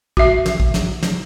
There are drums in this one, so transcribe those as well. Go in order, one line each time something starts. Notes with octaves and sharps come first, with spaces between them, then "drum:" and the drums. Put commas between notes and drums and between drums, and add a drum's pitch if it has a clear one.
F#4 E5, drum: kick
drum: snare
drum: kick
drum: snare
drum: snare